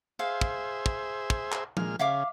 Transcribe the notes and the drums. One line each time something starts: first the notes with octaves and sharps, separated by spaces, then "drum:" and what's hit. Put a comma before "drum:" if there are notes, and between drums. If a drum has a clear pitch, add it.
G#4 C5 E5 F5
drum: kick
drum: kick
drum: kick
drum: clap
A#2 G#3 F6, drum: tom F3
C#3 E5 F5 D6